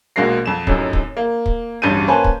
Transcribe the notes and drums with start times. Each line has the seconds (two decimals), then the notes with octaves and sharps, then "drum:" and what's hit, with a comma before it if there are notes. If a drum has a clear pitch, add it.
0.16 A#1 B2 G#3 A#3 A#6 C7
0.46 F2 E7
0.67 F#2 A2 C3 D#4, drum: kick
0.93 drum: kick
1.17 A#3
1.46 drum: kick
1.82 D1 A1 G2 G6 D#7
2.07 A#3 C#4 B4 C5 G#5 A5
2.24 drum: kick